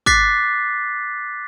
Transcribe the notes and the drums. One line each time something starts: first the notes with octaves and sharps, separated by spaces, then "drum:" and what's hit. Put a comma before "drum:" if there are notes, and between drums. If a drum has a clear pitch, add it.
D6 F#6 A6 B6 C7, drum: kick